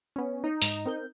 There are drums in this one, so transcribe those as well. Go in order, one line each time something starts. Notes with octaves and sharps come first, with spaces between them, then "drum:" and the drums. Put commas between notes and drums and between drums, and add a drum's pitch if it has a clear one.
B3 C#4
D#4
G#2, drum: open hi-hat
C4 A#4 G6